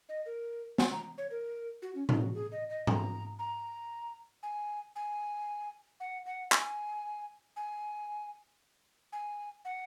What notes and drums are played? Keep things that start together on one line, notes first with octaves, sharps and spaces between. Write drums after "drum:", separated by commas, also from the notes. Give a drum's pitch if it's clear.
D#5
A#4
G#5, drum: snare
A#5
C#5
A#4
F#4
C#4
D#4, drum: tom
F#4
G#4
D#5
D#5
A#5, drum: tom G#2
A#5
G#5
G#5
F#5
F#5
G#5, drum: clap
G#5
G#5
F#5